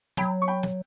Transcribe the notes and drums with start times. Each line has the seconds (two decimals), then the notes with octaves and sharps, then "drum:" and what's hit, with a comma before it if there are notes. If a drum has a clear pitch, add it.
0.17 F#3 G5 B5, drum: snare
0.42 C#6
0.47 G5 B5
0.63 drum: snare